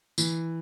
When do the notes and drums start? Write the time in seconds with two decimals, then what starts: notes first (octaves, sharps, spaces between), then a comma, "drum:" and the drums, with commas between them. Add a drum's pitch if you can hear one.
0.18 E3, drum: tambourine